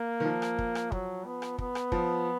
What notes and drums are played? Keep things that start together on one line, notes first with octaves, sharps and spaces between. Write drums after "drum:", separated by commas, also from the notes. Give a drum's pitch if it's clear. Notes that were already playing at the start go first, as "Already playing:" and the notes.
Already playing: A#3
D#3
F3
drum: rim click
drum: kick
drum: rim click
F#3, drum: kick
B3
drum: rim click
B3, drum: kick
drum: rim click
F3, drum: kick